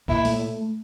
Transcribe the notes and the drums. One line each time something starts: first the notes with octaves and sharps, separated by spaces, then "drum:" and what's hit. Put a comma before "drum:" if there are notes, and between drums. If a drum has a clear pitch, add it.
A#2 E4, drum: kick
A3, drum: open hi-hat